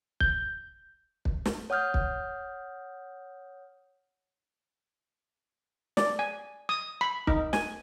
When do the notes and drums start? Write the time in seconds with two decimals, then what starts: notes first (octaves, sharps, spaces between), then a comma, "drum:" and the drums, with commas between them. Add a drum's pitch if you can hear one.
0.20 G6, drum: kick
1.25 drum: kick
1.46 drum: snare
1.70 C#5 F#5 D#6 F6 G6
1.94 drum: kick
5.97 D5, drum: snare
6.19 G#5
6.69 D#6
7.01 B5
7.27 D#4, drum: kick
7.53 G#5, drum: snare